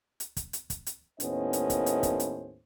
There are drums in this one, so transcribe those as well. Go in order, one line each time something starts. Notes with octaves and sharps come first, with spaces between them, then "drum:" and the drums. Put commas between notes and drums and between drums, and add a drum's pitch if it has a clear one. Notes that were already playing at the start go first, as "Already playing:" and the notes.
drum: hi-hat
drum: kick, hi-hat
drum: hi-hat
drum: kick, hi-hat
drum: hi-hat
D#2 A2 B3 C#4 C5 D#5, drum: hi-hat
drum: hi-hat
drum: kick, hi-hat
drum: hi-hat
drum: kick, hi-hat
drum: hi-hat